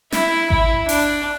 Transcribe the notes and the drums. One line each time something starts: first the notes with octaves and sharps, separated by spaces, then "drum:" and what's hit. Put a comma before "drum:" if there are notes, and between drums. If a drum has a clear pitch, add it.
E4, drum: snare
E4, drum: kick G#1
D4, drum: open hi-hat